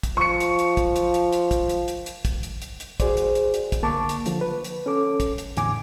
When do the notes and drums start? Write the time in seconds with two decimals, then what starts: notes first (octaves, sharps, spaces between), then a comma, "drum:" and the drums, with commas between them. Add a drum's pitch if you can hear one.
0.03 drum: kick, hi-hat
0.17 F3 C#6 C#7
0.40 drum: hi-hat
0.59 drum: hi-hat
0.77 drum: kick, hi-hat
0.96 drum: hi-hat
1.14 drum: hi-hat
1.33 drum: hi-hat
1.51 drum: kick, hi-hat
1.69 drum: hi-hat
1.88 drum: hi-hat
2.06 drum: hi-hat
2.25 drum: kick, hi-hat
2.43 drum: hi-hat
2.62 drum: hi-hat
2.80 drum: hi-hat
3.00 F#4 G#4 C5 D5, drum: kick, hi-hat
3.17 drum: hi-hat
3.35 drum: hi-hat
3.54 drum: hi-hat
3.72 drum: kick, hi-hat
3.82 D3 A#3 A5 C#6 D6
4.09 drum: hi-hat
4.26 D3 F3, drum: hi-hat
4.41 B4
4.64 drum: hi-hat
4.86 C#4 A4 D6
5.20 drum: kick, hi-hat
5.38 drum: hi-hat
5.57 E2 A2 D3 G#5 D6, drum: hi-hat